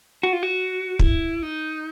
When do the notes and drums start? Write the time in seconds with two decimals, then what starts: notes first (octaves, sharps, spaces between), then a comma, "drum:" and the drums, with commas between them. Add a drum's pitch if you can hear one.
0.23 F#4
0.33 F4
0.43 F#4
0.99 E4, drum: kick
1.43 D#4